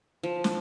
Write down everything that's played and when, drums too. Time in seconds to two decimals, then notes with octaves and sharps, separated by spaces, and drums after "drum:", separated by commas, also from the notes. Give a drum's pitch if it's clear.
0.23 F3
0.44 drum: snare